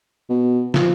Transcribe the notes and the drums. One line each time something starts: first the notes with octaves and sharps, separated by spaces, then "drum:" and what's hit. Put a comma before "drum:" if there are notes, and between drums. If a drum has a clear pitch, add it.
B2
F3, drum: snare